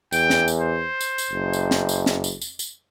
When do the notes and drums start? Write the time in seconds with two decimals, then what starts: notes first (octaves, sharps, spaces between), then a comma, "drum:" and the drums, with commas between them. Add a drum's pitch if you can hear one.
0.13 E2 G5, drum: tambourine
0.30 drum: snare
0.48 drum: tambourine
0.60 C5
1.01 drum: tambourine
1.18 drum: tambourine
1.32 F#1
1.53 drum: tambourine
1.71 drum: snare
1.89 drum: tambourine
2.06 drum: snare
2.24 drum: tambourine
2.42 drum: tambourine
2.59 drum: tambourine